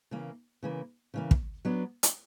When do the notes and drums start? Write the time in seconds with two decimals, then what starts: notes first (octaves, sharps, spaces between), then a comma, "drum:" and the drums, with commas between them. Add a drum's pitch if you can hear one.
0.11 C#3 E3 A#3
0.63 C#3 E3 A#3
1.14 C#3 E3 A#3
1.31 drum: kick
1.65 F#3 B3 D4
2.03 drum: hi-hat